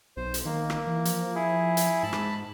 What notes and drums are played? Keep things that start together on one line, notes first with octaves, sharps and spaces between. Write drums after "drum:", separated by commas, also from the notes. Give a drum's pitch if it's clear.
B1 C5
drum: hi-hat
D#3 A#3
drum: rim click
E3
F3, drum: hi-hat
E4 G#4
drum: hi-hat
G#2 A5 B5
drum: rim click